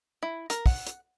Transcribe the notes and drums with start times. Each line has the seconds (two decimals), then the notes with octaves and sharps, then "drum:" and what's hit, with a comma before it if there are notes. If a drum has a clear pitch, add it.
0.23 E4
0.50 A#4, drum: hi-hat
0.66 F#5, drum: kick, open hi-hat
0.87 drum: hi-hat